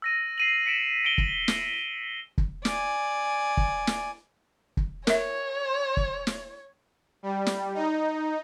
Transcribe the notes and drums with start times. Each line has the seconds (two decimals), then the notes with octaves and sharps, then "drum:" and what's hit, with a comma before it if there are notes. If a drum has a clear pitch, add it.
0.02 E6 A#6 D#7
0.38 C7 D#7 F#7
0.66 B6 C#7 D7 E7
1.05 C#7 D7 E7 G7
1.18 drum: kick
1.48 drum: snare
2.38 drum: kick
2.65 D5 G#5, drum: snare
3.57 drum: kick
3.87 drum: snare
4.77 drum: kick
5.07 A#4 C#5 E5, drum: snare
5.97 drum: kick
6.27 drum: snare
7.23 G3
7.46 drum: snare
7.75 D#4